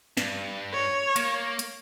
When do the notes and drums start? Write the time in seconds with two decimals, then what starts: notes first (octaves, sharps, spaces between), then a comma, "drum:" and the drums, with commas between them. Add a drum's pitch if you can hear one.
0.17 G2, drum: snare
0.73 C#5
1.16 A#3, drum: hi-hat
1.59 drum: hi-hat